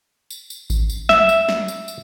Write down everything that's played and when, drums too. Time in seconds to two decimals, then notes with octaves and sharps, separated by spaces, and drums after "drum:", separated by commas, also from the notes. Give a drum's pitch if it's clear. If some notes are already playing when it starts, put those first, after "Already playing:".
0.31 drum: tambourine
0.50 drum: tambourine
0.70 drum: kick G#1, tambourine
0.90 drum: tambourine
1.09 E5, drum: snare
1.29 drum: tambourine
1.49 drum: snare
1.68 drum: tambourine
1.88 drum: tambourine